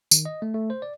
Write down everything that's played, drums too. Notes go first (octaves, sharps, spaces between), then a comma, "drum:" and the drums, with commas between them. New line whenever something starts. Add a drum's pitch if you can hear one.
D#3, drum: tambourine
D#5
A3
A3
C5
D5